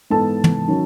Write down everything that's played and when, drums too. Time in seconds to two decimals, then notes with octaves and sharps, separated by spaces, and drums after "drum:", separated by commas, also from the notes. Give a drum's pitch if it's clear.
0.10 G#2 E3 B3 A4 A5
0.44 drum: tom
0.68 D#3 F#3 C#4